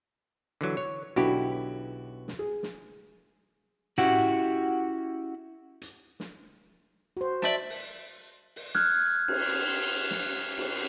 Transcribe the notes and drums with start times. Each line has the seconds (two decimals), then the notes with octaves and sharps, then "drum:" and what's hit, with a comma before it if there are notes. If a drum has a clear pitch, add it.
0.61 D3 E3 F#3
0.77 C#5
1.16 B1 D3 E4 F#4 G4
2.28 drum: snare
2.39 G#4
2.63 drum: snare
3.98 C#4 E4 F#4 G4, drum: tom
5.81 drum: hi-hat
6.20 drum: snare
7.17 F#4 C5
7.42 D5 E5 A5, drum: snare
7.70 drum: open hi-hat
8.56 drum: open hi-hat
8.75 F6 F#6 G#6, drum: snare
9.28 drum: cymbal
10.11 drum: snare
10.58 drum: cymbal